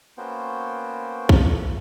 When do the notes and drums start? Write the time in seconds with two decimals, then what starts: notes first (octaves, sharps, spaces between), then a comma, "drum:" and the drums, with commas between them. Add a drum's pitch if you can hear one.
0.17 A#3 B3 C#4 F#4 C5 G5
1.29 drum: kick